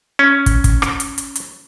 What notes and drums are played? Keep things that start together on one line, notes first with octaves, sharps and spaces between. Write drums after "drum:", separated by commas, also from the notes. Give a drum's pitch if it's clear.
C#4
drum: kick, hi-hat
drum: kick, hi-hat
drum: rim click
drum: hi-hat
drum: hi-hat
drum: hi-hat